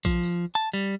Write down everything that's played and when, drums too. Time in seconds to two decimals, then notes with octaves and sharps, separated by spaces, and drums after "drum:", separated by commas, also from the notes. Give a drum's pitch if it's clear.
0.05 F3, drum: kick A#1, tambourine
0.24 drum: tambourine
0.55 A5
0.73 G3